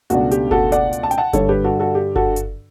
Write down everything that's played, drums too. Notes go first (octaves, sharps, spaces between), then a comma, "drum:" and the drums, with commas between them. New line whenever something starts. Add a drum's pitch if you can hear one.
C#2 B2 A3 D4 F#4, drum: hi-hat
G4, drum: hi-hat
F#4 A4, drum: kick F#1
D5 F#5, drum: hi-hat
drum: hi-hat
A5
G5, drum: hi-hat
F#5 A5
G2 D3 G3 A4 C#5, drum: kick F#1, hi-hat
G4 B4
F#4 A4
F#4 A4
G4
F#4 A4, drum: kick F#1
drum: hi-hat